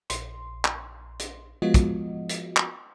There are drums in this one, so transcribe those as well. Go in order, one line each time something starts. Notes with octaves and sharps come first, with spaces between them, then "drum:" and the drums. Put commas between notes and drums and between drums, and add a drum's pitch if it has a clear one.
A#1 C6, drum: hi-hat
drum: clap
drum: hi-hat
F3 G#3 B3 F4 F#4 D#5
drum: kick, hi-hat
drum: hi-hat
drum: clap